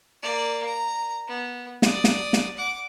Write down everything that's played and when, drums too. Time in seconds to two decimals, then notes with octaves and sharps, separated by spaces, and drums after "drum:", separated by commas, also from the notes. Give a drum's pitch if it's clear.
0.22 A#3 D5
0.66 A#5
1.28 B3
1.82 D5 D#6, drum: snare
2.04 drum: snare
2.33 drum: snare
2.57 F#5 D6